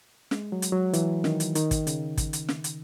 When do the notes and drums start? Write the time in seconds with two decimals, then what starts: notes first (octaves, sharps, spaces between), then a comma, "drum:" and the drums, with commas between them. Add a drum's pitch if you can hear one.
0.31 G#3, drum: snare
0.52 F#3
0.62 drum: hi-hat
0.72 F#3
0.93 E3, drum: hi-hat
1.24 D#3, drum: snare
1.40 drum: hi-hat
1.55 D#3, drum: hi-hat
1.71 drum: kick, hi-hat
1.87 C#3, drum: hi-hat
2.17 drum: kick, hi-hat
2.33 drum: hi-hat
2.49 drum: snare
2.64 drum: hi-hat